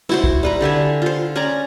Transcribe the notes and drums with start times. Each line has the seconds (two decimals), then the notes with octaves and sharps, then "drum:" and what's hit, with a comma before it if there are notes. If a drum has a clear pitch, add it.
0.09 E4 F#4 C5, drum: snare
0.24 drum: kick
0.43 G3 B4 A#5
0.61 D3 G4 E5 G#5
1.02 F4 C5
1.36 C#4 D5 G#5 A#5